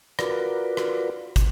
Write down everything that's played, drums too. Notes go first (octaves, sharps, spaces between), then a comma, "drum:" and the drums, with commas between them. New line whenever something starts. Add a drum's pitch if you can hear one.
F4 F#4 A#4 B4 D5, drum: rim click
drum: rim click
drum: kick, hi-hat